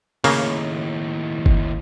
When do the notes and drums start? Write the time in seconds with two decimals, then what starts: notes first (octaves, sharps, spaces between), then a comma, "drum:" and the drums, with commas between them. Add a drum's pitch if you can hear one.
0.24 D#2 A2 C#3 A#3, drum: open hi-hat
1.46 drum: kick F#1